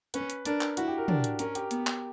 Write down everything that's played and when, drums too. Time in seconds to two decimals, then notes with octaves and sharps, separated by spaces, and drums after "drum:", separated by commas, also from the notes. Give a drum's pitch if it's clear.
0.14 C#4 B4, drum: hi-hat
0.30 drum: hi-hat
0.45 D4 A#4, drum: hi-hat
0.61 drum: clap
0.77 E4 F#4, drum: hi-hat
0.88 G4
0.98 A#4
1.08 D4 A#4, drum: tom
1.24 drum: hi-hat
1.39 C#4 A#4, drum: hi-hat
1.55 G4, drum: hi-hat
1.71 B3, drum: hi-hat
1.87 drum: clap